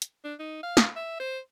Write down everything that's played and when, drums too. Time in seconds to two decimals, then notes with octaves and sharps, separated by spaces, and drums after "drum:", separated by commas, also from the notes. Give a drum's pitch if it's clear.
0.02 drum: hi-hat
0.25 D4
0.39 D#4
0.63 F5
0.77 drum: snare
0.96 E5
1.20 C5